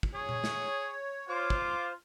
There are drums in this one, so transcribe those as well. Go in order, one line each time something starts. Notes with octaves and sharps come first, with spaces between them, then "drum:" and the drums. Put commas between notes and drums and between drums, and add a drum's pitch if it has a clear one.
drum: kick
G#4 C#5
drum: tom A#2
drum: snare
F4 C5 D6
drum: kick